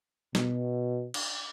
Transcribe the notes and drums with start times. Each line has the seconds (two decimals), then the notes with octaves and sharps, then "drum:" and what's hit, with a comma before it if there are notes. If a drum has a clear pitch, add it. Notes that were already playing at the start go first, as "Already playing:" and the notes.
0.35 B2, drum: snare
1.14 drum: cymbal